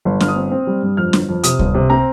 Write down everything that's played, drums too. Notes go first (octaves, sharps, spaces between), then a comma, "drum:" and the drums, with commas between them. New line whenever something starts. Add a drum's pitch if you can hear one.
G1
G1 F6, drum: snare
D#6
C4
C4
G3
G2
F2 F6
G1, drum: snare
F2
C3 D#6, drum: hi-hat
G1, drum: kick C#2
C3
C4 A#5